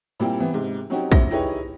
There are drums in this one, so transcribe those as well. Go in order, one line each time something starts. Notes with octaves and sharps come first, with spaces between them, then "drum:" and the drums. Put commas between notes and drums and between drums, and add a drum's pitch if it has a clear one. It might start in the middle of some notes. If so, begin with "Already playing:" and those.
A#2 G3 A#3 C4 E4 G4
E3 B3 C4
G#2 C3
F#3 C4 C#4 D#4 F#4 G4
A#1 A#6, drum: kick
D#4 E4 G4 G#4 B4 C#5